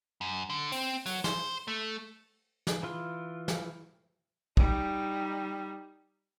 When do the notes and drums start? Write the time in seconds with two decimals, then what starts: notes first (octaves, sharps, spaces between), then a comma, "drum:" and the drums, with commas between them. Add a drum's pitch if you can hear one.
0.21 F#2
0.50 D3
0.72 C4, drum: open hi-hat
1.06 F#3, drum: open hi-hat
1.24 C5, drum: snare
1.68 A3
2.67 drum: snare
2.83 E3 F4
3.48 drum: snare
4.57 G3 D#4, drum: kick